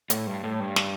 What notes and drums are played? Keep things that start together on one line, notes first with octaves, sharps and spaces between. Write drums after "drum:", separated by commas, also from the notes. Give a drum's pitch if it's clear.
A2, drum: hi-hat
G2
A2
G2
drum: snare